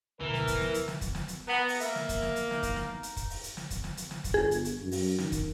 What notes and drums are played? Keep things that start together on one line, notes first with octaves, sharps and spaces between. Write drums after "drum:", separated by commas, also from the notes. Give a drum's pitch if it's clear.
D2 B2 E3 A#4
drum: snare
drum: kick, hi-hat
drum: snare
drum: hi-hat
drum: snare
drum: kick, hi-hat
drum: snare
drum: hi-hat
B3 A#5
drum: open hi-hat
A#3 E5, drum: hi-hat
drum: snare
drum: kick, hi-hat
drum: snare
drum: hi-hat
D#4, drum: snare
drum: kick, hi-hat
drum: snare
drum: hi-hat
drum: kick, hi-hat
drum: open hi-hat
drum: hi-hat
drum: snare
drum: kick, hi-hat
drum: snare
drum: hi-hat
drum: snare
drum: kick, hi-hat
G1 G#4
drum: hi-hat
drum: hi-hat
F#2
drum: open hi-hat
D#3, drum: snare
drum: kick, hi-hat